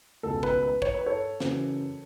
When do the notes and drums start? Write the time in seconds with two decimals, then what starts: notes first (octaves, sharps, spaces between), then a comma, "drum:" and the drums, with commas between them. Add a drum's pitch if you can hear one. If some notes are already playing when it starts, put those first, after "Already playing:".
0.23 C#2 B2 A4
0.43 B4, drum: kick
0.63 B4
0.82 C#5, drum: kick
0.94 B4
1.06 A4 C#5
1.40 F#2 C#3 E3, drum: snare